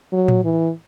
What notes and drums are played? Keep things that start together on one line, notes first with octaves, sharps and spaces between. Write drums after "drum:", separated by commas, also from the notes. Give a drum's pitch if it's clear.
F#3
drum: tom A2
E3